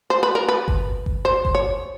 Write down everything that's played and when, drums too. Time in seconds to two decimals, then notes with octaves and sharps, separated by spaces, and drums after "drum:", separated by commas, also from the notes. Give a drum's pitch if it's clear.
0.10 C5
0.23 B4
0.35 A#4
0.49 B4
0.68 drum: kick G1
1.06 drum: kick G1
1.25 C5
1.45 drum: kick G1
1.55 C#5